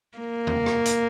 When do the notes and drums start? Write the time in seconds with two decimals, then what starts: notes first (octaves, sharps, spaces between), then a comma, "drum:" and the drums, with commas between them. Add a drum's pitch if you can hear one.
0.18 A#3
0.47 drum: tom E2
0.66 drum: rim click
0.85 drum: hi-hat